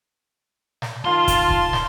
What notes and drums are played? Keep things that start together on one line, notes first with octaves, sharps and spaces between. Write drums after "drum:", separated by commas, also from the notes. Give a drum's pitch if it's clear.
drum: snare
D#3 F4 A5 C6
drum: kick, hi-hat
drum: kick
drum: snare